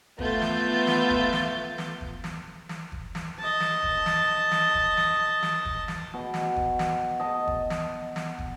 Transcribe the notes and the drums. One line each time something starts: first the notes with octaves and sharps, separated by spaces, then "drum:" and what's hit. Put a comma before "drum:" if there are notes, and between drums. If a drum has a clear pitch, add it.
A3 B3 F4 E5 G6 A6, drum: kick
drum: snare
drum: snare
drum: kick
drum: snare
drum: snare
drum: kick
drum: snare
drum: snare
drum: kick
drum: snare
D#5 A5
drum: snare
drum: kick
drum: snare
drum: snare
drum: kick
drum: snare
drum: snare
drum: kick
drum: snare
B2
drum: snare
drum: kick
drum: snare
D#5 A5
drum: kick
drum: snare
drum: snare
drum: kick